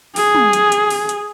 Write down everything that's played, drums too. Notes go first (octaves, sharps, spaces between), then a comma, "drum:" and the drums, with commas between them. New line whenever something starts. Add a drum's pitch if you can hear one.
G#4, drum: open hi-hat
drum: tom
drum: hi-hat
drum: hi-hat
drum: open hi-hat
drum: hi-hat